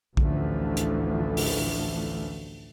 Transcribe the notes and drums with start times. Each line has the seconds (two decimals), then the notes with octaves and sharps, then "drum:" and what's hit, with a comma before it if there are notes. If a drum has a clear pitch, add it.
0.17 A1 D2 D3 E3 F3 A3, drum: kick A#1
0.77 drum: hi-hat
1.37 drum: open hi-hat